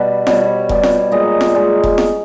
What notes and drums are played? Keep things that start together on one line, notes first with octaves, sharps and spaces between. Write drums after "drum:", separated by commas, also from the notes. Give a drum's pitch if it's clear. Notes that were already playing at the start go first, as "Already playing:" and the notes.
Already playing: B2 G3 B4
B2 G3 C#5, drum: snare
B2 G3, drum: kick F1
drum: snare
A#2 G#3 D#5
drum: snare
A#2 G#3
drum: kick F1
drum: snare